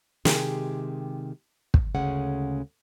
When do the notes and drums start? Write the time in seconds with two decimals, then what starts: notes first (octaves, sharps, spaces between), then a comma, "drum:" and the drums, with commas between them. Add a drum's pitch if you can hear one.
0.25 C3 D#3 G#3 G4 G#4, drum: snare
1.74 drum: kick
1.95 D2 C#3 G#3 C#4 F#5